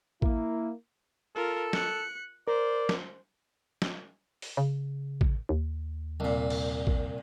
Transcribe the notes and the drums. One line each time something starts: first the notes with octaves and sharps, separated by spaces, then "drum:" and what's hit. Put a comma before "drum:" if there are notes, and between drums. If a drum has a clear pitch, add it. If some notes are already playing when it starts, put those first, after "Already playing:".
A#3 E4, drum: kick A1
F4 A4 A#4
F#6 C#7, drum: snare
A#4 C5 D5
drum: snare
drum: snare
drum: open hi-hat
C#3
drum: kick A1
D#2
C2 A#2
drum: cymbal
drum: kick A1